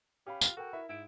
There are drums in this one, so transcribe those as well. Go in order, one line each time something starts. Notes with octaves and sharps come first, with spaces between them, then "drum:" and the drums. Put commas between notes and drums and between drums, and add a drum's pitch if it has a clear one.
C#4 G4 F5 B5
F4, drum: tambourine
F#4 A4 A#4 G5
E4 A#4 E5
G#2 E4 D7